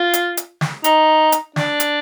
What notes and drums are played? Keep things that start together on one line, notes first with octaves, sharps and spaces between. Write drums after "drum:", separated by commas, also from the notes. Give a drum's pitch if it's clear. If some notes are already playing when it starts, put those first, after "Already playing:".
Already playing: F4
drum: hi-hat
drum: hi-hat
drum: snare
D#4, drum: hi-hat
drum: hi-hat
D4, drum: snare
drum: hi-hat